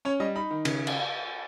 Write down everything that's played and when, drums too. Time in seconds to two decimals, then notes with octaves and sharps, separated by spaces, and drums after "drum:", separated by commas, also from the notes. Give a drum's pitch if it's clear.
0.05 C#4 C#5
0.20 G3 D#5
0.35 D#4 B5
0.51 D#3
0.65 C#3, drum: cymbal
0.87 drum: cymbal